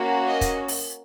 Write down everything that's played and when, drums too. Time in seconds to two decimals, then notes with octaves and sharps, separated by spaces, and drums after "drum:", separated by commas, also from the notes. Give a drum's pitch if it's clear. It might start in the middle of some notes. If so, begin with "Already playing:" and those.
Already playing: A#3 C#4 F#4
0.28 D#5
0.41 drum: kick, hi-hat
0.68 drum: open hi-hat